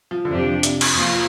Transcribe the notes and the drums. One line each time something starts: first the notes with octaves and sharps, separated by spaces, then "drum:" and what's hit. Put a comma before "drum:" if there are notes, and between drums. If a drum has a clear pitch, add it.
F3
D3
F2 C3 F3 D4 G4
C3, drum: hi-hat
drum: cymbal
F2 F3 A#3 F4